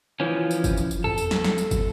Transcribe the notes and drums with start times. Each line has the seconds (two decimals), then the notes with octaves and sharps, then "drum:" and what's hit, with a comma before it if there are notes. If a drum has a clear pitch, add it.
0.20 E3 F3 C#4
0.51 drum: tambourine
0.64 drum: kick, tambourine
0.77 drum: tambourine
0.91 drum: tambourine
1.04 A4, drum: tom E2
1.18 drum: tambourine
1.31 drum: snare
1.44 drum: snare
1.58 drum: tambourine
1.71 drum: kick, tambourine